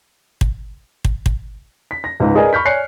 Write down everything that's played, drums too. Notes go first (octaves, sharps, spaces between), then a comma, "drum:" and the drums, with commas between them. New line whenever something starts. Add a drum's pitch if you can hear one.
drum: kick
drum: kick
drum: kick
B6
A#6
C#2 G#2 B4
G#4 A#4 B4 D5 D#5 G#5
B5 C#6 F6 G6 B6
C#5 D5 G#5 F#6 C7 C#7